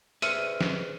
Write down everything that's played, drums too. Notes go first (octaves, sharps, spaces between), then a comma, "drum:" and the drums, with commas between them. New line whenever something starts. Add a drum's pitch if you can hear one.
G#4 B4 C5 E5 F6 C#7 D#7, drum: hi-hat
drum: snare